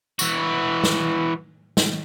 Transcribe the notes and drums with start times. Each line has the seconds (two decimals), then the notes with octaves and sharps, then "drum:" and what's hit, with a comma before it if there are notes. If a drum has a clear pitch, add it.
0.19 E3 F#4, drum: tambourine
0.84 drum: snare
1.77 drum: snare